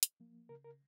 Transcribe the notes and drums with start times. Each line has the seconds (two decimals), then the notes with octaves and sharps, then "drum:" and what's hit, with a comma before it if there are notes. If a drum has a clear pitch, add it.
0.03 drum: hi-hat
0.20 F3 A#3
0.49 C#3 A#4
0.65 A#4